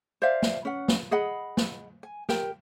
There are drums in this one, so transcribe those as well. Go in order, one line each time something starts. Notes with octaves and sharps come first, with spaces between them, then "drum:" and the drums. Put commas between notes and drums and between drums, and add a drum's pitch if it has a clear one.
C5 D5 E5 F5
drum: snare
C#4 B4 F#5
drum: snare
G#4 D#5 F#5 B5
drum: snare
G#5
G4 A#4 G5, drum: snare